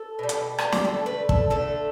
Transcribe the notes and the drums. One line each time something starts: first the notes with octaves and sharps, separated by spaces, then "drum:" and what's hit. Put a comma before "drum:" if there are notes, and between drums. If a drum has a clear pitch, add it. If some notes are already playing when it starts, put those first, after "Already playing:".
Already playing: A4
B2 G3
drum: hi-hat
drum: rim click
G4, drum: snare
D3 A3 A4
B4
A4, drum: kick
D3 A3 A4